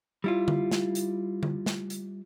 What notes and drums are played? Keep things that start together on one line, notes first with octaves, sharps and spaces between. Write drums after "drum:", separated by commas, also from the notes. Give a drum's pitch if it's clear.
G3 E4 F4
drum: tom D3
drum: snare
drum: hi-hat
drum: tom D3
drum: snare
drum: hi-hat